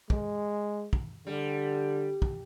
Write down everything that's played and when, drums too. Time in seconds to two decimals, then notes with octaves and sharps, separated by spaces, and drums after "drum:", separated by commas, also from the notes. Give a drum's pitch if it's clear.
0.10 G#3, drum: kick
0.93 drum: kick
1.27 D3 G3
2.22 drum: kick